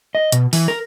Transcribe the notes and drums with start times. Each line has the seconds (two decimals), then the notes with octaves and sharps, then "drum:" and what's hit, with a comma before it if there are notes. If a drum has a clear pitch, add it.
0.15 D#5
0.32 B2, drum: hi-hat
0.53 E3, drum: open hi-hat
0.68 A#4